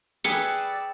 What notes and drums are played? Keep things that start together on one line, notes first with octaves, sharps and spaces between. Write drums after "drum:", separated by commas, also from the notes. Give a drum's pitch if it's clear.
G#4 B4 D5 G5 A5 D#6 E6 C#7, drum: hi-hat